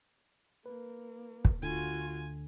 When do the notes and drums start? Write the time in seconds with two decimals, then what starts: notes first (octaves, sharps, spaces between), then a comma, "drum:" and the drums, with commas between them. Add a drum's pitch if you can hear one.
0.66 A#3 B4
1.45 drum: kick
1.62 D2 D3 F4 F#4 G#5